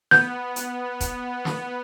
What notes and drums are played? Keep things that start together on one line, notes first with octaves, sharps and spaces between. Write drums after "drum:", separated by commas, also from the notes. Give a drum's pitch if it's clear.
B3 G6, drum: snare
drum: hi-hat
drum: kick E1, hi-hat
drum: snare